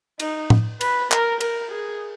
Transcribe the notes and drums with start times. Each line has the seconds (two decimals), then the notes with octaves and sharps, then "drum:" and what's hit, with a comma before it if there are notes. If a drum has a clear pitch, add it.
0.20 D#4, drum: cymbal
0.50 drum: tom
0.81 B4, drum: cymbal
1.11 A#4, drum: clap
1.41 A#4, drum: cymbal
1.71 G#4